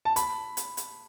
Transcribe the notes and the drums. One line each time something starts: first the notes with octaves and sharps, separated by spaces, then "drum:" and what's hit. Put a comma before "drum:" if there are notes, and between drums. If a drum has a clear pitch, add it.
A5
B5, drum: hi-hat
drum: hi-hat
drum: hi-hat